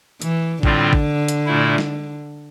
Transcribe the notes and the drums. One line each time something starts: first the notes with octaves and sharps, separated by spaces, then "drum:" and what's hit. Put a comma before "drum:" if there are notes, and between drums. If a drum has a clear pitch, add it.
E3, drum: hi-hat
A2 D3 G3 C4 F4, drum: kick G#1
drum: kick G#1
drum: hi-hat
A#2 A3 E4
drum: snare